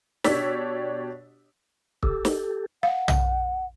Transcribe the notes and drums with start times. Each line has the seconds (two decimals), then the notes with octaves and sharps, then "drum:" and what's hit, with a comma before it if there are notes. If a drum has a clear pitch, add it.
0.24 B2 D4 G4 C#5 E6 B6, drum: snare
2.03 G4 A4, drum: kick
2.25 drum: snare
2.83 F5 F#5
3.08 drum: tom